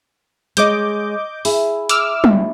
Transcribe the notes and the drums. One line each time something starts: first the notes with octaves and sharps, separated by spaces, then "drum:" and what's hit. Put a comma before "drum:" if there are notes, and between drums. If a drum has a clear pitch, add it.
G#3 C#5 D#5 D6 G6, drum: hi-hat
E4 G#4, drum: open hi-hat
D6 E6 F6, drum: hi-hat
drum: tom